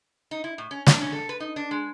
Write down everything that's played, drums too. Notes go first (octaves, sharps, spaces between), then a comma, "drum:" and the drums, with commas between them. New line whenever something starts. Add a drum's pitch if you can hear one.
D#4
E4
A2
C#4
D4, drum: snare
C#4
A4
B4
D#4
D4
G#3